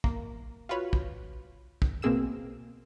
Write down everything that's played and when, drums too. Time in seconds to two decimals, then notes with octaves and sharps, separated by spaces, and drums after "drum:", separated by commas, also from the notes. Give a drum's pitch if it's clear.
0.04 A#3, drum: kick
0.69 F4 F#4 B4 C#5 F5
0.93 drum: kick
1.82 drum: kick
2.02 B2 A#3 C4 G#4 E6 E7